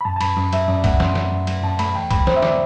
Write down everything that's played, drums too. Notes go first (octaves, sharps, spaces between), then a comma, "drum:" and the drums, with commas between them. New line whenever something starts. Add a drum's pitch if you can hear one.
B5
F#2 A5
A5
F#2 B5, drum: cymbal
F#2
F#3 E5, drum: cymbal
F#2 D5
A3 F#5, drum: kick, cymbal
F#2 C6, drum: snare
F#2, drum: snare
F#2
F#3, drum: cymbal
F#2 A5
A3 B5, drum: cymbal
E2 G5
F#3 B5, drum: kick, cymbal
F#3 C5, drum: snare
E5
D3 D5, drum: snare